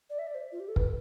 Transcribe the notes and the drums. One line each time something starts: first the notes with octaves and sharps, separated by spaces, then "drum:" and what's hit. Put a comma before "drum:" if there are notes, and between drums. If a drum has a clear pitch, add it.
D5
E5
D5
C5
F4
G4
A4
B4, drum: kick